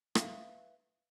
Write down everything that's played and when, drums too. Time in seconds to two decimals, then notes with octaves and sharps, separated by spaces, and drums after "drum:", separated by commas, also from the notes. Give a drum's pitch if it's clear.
0.15 B4 E5 F5, drum: rim click